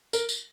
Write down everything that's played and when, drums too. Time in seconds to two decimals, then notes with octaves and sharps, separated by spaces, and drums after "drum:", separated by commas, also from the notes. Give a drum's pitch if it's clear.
0.13 A#4, drum: tambourine
0.29 drum: tambourine